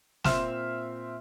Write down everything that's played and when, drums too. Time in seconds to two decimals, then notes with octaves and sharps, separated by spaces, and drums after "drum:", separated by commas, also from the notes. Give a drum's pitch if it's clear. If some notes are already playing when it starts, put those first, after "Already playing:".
0.24 A#2 C4 E5 C6 F6 E7, drum: snare